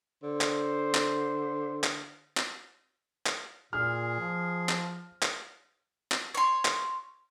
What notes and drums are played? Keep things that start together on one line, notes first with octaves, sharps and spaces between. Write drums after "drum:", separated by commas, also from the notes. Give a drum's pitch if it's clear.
D3 C5
drum: clap
drum: clap
drum: clap
drum: clap
drum: clap
A#2 G#4 F6
F3
drum: clap
drum: clap
drum: clap
C#5 C6
drum: clap